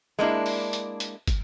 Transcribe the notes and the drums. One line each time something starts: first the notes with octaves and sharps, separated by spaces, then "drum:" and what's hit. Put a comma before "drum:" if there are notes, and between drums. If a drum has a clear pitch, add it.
G#3 A#3 D4 E4
drum: open hi-hat
drum: hi-hat
drum: hi-hat
drum: kick, hi-hat